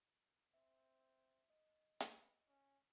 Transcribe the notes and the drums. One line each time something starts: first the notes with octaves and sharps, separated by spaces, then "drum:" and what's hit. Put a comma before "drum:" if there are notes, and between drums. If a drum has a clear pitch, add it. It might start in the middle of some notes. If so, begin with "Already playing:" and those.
C4 E5
D#5
B4, drum: hi-hat
C#4